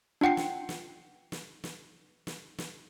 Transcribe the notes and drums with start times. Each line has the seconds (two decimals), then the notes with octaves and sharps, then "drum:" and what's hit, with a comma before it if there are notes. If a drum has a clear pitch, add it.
0.21 D4 F4 F#5 G5 C7
0.37 drum: snare
0.69 drum: snare
1.32 drum: snare
1.64 drum: snare
2.27 drum: snare
2.58 drum: snare